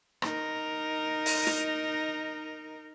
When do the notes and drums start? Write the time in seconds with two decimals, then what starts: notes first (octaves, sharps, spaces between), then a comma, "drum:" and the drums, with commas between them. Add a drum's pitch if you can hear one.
0.22 D#4 A#4, drum: rim click
1.26 drum: open hi-hat
1.47 drum: snare